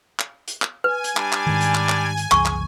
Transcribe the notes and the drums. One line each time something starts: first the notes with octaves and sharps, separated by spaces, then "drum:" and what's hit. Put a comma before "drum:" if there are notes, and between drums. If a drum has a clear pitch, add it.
drum: clap
drum: hi-hat
drum: clap
B4 G#5
drum: hi-hat
G3 D4, drum: clap
drum: clap
G#2 D#3
drum: hi-hat
drum: clap
drum: clap
drum: hi-hat
F#1 C2 E3 G#4 C#6, drum: clap
drum: clap